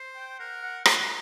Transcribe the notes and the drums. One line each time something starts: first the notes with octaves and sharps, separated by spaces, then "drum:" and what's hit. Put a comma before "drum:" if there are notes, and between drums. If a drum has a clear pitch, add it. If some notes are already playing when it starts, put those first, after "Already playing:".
Already playing: C5
G5
A#4 F#5
F#5
F#5, drum: rim click